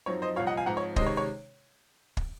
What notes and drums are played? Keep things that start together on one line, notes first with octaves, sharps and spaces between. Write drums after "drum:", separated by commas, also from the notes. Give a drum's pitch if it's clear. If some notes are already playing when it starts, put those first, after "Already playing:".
F#2 F3 C4 D#4 C#5
C5 D#5
C2 A#2 F3 C#5 F5
D#5 F#5
F5 G#5
G#2 F3 C4 D#4 F#5 A#5
C#5
C3 D#3 G#3 C#4 C5 D#5, drum: kick
C#5
C#5
drum: kick